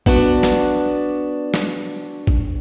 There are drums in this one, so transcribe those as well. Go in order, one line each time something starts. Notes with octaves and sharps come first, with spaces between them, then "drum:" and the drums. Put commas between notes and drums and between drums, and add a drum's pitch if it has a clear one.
B3 D4 F#4, drum: kick
drum: snare
drum: snare
drum: kick